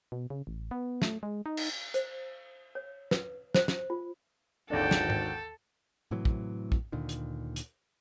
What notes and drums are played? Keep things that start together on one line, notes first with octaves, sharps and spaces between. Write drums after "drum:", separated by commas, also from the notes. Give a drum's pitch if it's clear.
B2
C#3
A1
B3
A3, drum: snare
G#3
D#4
drum: cymbal
C5, drum: hi-hat
C#5
B4, drum: snare
C5, drum: snare
drum: snare
F4
G#1 D#2 D3 D4 A4 F#5 G5
drum: snare
drum: tom
A2 C3 E3 F#3
drum: kick
drum: kick
D2 A#2 D3 D#3
drum: hi-hat
drum: hi-hat